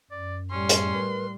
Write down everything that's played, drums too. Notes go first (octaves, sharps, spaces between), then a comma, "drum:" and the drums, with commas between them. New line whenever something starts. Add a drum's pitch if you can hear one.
F#2 D5
A2 G3 C#4 C6
drum: hi-hat
A#4 B4